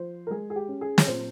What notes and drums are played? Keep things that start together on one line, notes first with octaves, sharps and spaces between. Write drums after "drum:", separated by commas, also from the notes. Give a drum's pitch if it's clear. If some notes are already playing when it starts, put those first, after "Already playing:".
Already playing: F3 C5
A#4
G#3 G#4
G#4
G4
C#4
G#4
C#5, drum: snare
A#2 C5